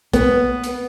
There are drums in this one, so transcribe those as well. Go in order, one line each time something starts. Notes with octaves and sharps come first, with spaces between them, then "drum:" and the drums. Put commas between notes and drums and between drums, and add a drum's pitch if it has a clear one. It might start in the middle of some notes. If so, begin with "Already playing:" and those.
B3, drum: kick B1, hi-hat
drum: hi-hat